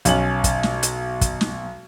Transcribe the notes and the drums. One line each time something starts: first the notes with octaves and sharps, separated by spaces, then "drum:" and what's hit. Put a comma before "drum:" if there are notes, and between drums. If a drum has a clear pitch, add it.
B1 C#4 F#7, drum: hi-hat
drum: kick, hi-hat
drum: snare
drum: hi-hat
drum: kick, hi-hat
drum: snare